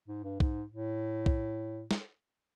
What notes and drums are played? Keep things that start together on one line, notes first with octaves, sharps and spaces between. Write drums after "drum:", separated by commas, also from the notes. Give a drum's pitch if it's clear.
G#2
G2
G#2, drum: kick
A2
drum: kick
drum: snare